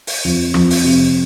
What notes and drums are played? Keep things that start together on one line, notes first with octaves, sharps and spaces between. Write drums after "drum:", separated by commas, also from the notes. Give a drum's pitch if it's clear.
drum: open hi-hat
F2
F2, drum: rim click
drum: open hi-hat
C3